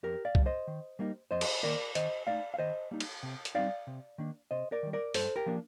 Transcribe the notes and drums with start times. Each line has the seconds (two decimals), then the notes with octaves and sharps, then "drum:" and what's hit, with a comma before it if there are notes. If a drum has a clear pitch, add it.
0.03 F2 G4 A#4
0.25 D5 F5
0.35 D3 G3, drum: kick C2
0.46 C5 D#5
0.67 D#3
0.99 G3 A#3 D#4
1.31 F2 C5 D#5
1.41 drum: cymbal
1.63 D#3 A#3 A#4 D5
1.95 D#3 C5 D#5, drum: hi-hat
2.27 A3 D#4 D5 F5
2.54 F5
2.58 D#3 C5 D#5
2.91 G3 A#3 D#4
3.00 drum: cymbal
3.23 C3
3.45 drum: hi-hat
3.55 G3 C4 D#4 D5 F5
3.87 C3
4.18 D#3 A#3 D4
4.51 C3 C5 D#5
4.72 A#4 D5
4.83 D#3 G3
4.93 A#4 D5
5.14 G2 A4 C5, drum: open hi-hat
5.36 G4 A#4
5.46 F3 A#3 D4